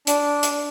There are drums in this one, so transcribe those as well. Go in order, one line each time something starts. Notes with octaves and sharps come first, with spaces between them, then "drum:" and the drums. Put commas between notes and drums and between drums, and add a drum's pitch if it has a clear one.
D4, drum: hi-hat
drum: hi-hat